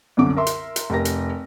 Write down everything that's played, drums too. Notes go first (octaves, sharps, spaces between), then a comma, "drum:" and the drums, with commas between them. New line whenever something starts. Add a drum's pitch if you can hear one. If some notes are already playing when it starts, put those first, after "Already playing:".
C2 F#2 D3 D6
A#4 E5 C6
drum: hi-hat
drum: hi-hat
F1 G4 A#4 A#6
drum: hi-hat